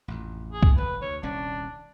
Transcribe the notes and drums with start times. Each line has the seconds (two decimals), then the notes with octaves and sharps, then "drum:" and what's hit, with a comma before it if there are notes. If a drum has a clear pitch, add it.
0.08 A1 F2
0.53 G#4
0.63 drum: kick
0.78 F1 B4
1.02 D2 C#5
1.23 D#1 C2 C#4 D4